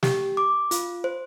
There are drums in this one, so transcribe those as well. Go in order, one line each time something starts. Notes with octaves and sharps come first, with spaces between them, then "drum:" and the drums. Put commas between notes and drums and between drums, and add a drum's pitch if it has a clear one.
G4, drum: snare
D6
F4, drum: hi-hat
C5